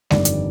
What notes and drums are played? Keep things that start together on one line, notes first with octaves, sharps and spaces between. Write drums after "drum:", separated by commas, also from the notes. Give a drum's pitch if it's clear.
G1 F2 D#3 G3 D5, drum: snare G#3
drum: hi-hat